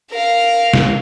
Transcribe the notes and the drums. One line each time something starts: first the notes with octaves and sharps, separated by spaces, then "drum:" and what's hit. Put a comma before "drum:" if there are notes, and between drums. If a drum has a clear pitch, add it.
A#4 F5
drum: snare